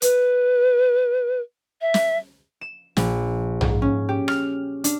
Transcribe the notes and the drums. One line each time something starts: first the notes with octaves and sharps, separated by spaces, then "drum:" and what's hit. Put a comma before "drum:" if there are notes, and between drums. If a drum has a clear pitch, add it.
B4, drum: hi-hat
E5
drum: snare
E7
A#1, drum: snare
G#2, drum: tom A#1
C#4
G4
F6, drum: rim click
D4, drum: hi-hat